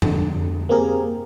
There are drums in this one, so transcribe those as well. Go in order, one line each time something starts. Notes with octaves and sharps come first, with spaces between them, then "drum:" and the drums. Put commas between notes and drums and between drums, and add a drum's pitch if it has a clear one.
F2 D3, drum: tom F2
A#3 C4 G4 G#4 A#4